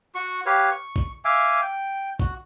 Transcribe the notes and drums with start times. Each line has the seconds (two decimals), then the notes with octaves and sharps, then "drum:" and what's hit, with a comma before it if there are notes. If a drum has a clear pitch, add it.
0.15 F#4 C#6
0.46 G4 B4 C#5 F5
0.71 C#6
0.96 drum: kick
1.25 E5 F5 G#5 D6
1.62 G5
2.20 F#4, drum: kick